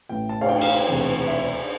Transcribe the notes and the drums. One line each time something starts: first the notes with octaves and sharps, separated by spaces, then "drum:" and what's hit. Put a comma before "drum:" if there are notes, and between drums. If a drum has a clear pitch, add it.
A1 A2 E3 G5
A5
F5, drum: cymbal
G5
F5, drum: cymbal
G5
E1 D2 C3 E3
E5